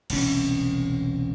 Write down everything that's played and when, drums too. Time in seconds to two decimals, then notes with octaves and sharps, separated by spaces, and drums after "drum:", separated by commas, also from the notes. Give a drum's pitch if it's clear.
0.10 E1 C2 C#4, drum: cymbal